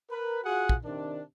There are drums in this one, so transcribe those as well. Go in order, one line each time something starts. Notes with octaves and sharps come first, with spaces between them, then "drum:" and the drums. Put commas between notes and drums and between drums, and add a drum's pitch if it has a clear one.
A#4 B4
F4 F#4 G#4 F#5
drum: kick
C3 D#3 D4